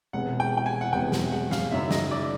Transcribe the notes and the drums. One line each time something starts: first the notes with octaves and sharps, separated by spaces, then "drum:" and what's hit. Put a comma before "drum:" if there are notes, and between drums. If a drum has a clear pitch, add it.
E1 E2 C3 F#5
G5
G5
G#5
F#5
E1 E2 C3 G5
drum: snare
F#5
F5, drum: snare
F#1 F#2 D#3 E5
D#5, drum: snare
D5